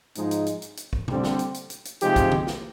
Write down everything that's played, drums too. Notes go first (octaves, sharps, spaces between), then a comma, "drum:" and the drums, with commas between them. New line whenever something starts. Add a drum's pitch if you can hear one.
G#2 F3 G#3 D#4, drum: hi-hat
drum: hi-hat
drum: hi-hat
drum: hi-hat
drum: hi-hat
drum: kick
D3 G3 C4, drum: tom
drum: snare
drum: hi-hat
drum: hi-hat
drum: hi-hat
drum: hi-hat
C3 F3 G#3 D#4 G4, drum: hi-hat
drum: kick, hi-hat
drum: tom
drum: snare